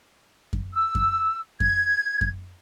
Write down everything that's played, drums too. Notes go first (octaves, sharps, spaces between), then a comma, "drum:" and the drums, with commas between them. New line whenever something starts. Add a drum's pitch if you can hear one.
drum: kick F#2
E6
drum: kick F#2
G#6, drum: kick F#2
drum: kick F#2